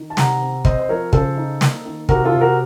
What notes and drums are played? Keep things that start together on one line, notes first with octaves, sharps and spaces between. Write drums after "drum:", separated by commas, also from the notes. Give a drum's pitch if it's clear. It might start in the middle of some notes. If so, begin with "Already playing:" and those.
Already playing: D#3
A5
C3 F#5 A#5, drum: snare
C4
C4 C5 D#5, drum: kick
C5
F3 A#4 C#5
C#3 A4 C5, drum: kick
D#4
A#3, drum: snare
D#3
C3 F#4 A#4, drum: kick
F4 A4
C3
F#4 A#4